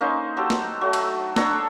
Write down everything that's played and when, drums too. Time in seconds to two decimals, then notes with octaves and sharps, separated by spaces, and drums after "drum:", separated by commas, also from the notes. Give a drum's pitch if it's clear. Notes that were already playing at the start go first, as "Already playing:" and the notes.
0.01 A#3 C#4 D#4 C5
0.37 F#3 G4 A4 C5
0.50 drum: snare
0.81 F#3 A3
0.93 drum: cymbal
1.36 D4 A4 C#5 A#5, drum: snare